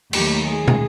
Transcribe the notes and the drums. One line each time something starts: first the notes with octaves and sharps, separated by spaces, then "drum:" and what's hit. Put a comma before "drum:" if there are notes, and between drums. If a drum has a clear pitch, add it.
D#2 D#3 F#3 A3 G4, drum: cymbal
G#4
drum: tom